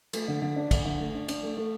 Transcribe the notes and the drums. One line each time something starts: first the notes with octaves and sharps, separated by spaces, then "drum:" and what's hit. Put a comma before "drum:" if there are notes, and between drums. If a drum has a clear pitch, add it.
A3, drum: cymbal
D3
D3
D4
D3, drum: kick, cymbal
D3
A3
D4
D4, drum: cymbal
A3
A3